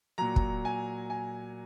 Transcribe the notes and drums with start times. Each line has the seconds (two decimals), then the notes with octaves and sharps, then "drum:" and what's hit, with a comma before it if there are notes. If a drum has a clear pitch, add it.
0.18 A#2 F#3 A#5
0.36 drum: kick
0.65 G#5
1.10 G#5